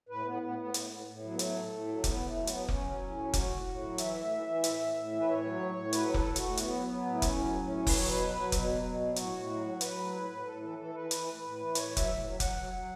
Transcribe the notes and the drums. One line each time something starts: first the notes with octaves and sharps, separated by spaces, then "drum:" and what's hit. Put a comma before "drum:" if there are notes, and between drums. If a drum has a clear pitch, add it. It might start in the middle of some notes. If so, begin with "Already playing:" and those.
A2 B4
A2 B3
A2 B3
A2 B3
A2, drum: hi-hat
A2
A2
F#3
B3
A2 A3, drum: hi-hat
A2
A2
F#3
A2 B3, drum: kick F1, hi-hat
A2 A3
F#3
B3, drum: hi-hat
F#3
F#3 C#4, drum: kick F1
F#3
A2
F#3
A2 F#4, drum: kick F1, hi-hat
A2
A2
F#3
E3 E5, drum: hi-hat
A2
E3
E3
A2, drum: hi-hat
A2
A2
E3
B4
A2 C#5
F#3
A2
A2
F#3 B4, drum: hi-hat
A2
A4, drum: kick F1
A2
F#4, drum: hi-hat
A2
F#3 B3, drum: hi-hat
F#3
F#3
A2
E4
A2 C#4, drum: kick F1, hi-hat
F#3
A2
F#3
F#3 B4, drum: kick F1, open hi-hat
C#5
B2 B4
F#3
F#3
B2, drum: kick F1, hi-hat
F#3
B2
F#3
A2 F#4, drum: hi-hat
A2
F#3
F#3
F#3 B4, drum: hi-hat
A2
A2
A2
A2 A4
E3 A4
E3 A4
E3 B4
E3, drum: hi-hat
A2
A2
E3
A2 C#5, drum: hi-hat
F#3
E5, drum: kick F1, hi-hat
A2
F#3
F#3 F#5, drum: kick F1, hi-hat
F#3
F#3